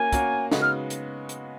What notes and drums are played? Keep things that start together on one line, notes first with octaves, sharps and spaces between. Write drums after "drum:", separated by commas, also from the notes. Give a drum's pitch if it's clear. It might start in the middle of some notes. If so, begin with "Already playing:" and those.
Already playing: A#3 C#4 F#4 A#4 G#5
A#3 C#4 F#4 A#4, drum: kick, hi-hat
C#3 G#3 B3 D#4 F#4, drum: snare
F6
drum: hi-hat
drum: hi-hat